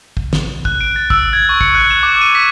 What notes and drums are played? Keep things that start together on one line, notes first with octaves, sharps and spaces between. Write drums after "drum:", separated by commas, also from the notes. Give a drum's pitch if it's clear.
drum: kick
drum: snare
F#6, drum: kick
D7
A6
E6, drum: kick
G#6
C#6
C#7, drum: kick
F#6
E7
D6
D#7
B6